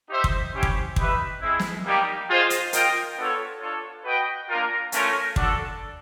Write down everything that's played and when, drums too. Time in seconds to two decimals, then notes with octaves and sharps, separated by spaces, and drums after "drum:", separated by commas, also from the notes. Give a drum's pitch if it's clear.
0.09 D#4 G4 C5 E5
0.24 drum: kick
0.52 C#4 E4 G4 C5
0.63 drum: kick
0.96 D#4 G4 B4 E5, drum: kick
1.41 G#3 C4 E4
1.59 drum: snare
1.84 G3 A#3 D#4 G4
2.28 F4 G#4 C5 D#5
2.50 drum: hi-hat
2.73 F4 A#4 D#5 G5, drum: hi-hat
3.16 B3 D4 F4 A4 C#5
3.60 D4 F4 A4 C#5
4.04 F#4 B4 D#5 G5
4.49 A#3 D4 F4 A#4
4.92 A3 C#4 F4 A#4 C#5, drum: hi-hat
5.36 D4 F#4 A4, drum: kick